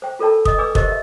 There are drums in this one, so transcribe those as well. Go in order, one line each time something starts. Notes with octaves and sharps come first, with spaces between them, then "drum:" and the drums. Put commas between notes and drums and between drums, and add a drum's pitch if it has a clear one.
C5 G5
F4 A4 A#4 D5 G5 A5
D#5 D#6, drum: kick
B4 D5 G#5 D6 E6
G4 A#4 C5 D#5, drum: kick
D#5 E5